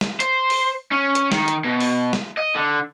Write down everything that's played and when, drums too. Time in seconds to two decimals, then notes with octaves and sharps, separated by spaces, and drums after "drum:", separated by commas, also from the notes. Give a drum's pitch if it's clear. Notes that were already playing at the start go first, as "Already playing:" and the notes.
0.01 drum: snare
0.20 C5, drum: hi-hat
0.50 drum: open hi-hat
0.91 C#4
1.15 drum: hi-hat
1.32 D#3, drum: snare
1.48 drum: hi-hat
1.64 B2
1.80 drum: open hi-hat
2.13 drum: snare
2.38 D#5
2.56 D3